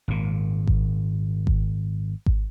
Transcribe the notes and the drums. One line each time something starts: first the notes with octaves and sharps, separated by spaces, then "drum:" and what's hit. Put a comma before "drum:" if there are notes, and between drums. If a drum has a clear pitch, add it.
G#1 A#2
drum: kick G#1
drum: kick G#1
drum: kick G#1